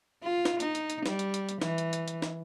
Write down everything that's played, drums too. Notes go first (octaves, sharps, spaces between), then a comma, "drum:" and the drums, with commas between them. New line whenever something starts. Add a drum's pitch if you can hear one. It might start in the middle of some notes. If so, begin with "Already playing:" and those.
F4
drum: snare
D#4, drum: hi-hat
drum: hi-hat
drum: hi-hat
G3, drum: snare
drum: hi-hat
drum: hi-hat
drum: hi-hat
E3, drum: snare
drum: hi-hat
drum: hi-hat
drum: hi-hat
drum: snare